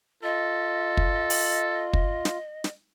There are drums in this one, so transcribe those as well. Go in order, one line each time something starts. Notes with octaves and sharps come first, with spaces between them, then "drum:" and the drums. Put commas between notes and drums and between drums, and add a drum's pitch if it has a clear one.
F4 A4 D#5
drum: kick
drum: open hi-hat
drum: kick
drum: snare
drum: snare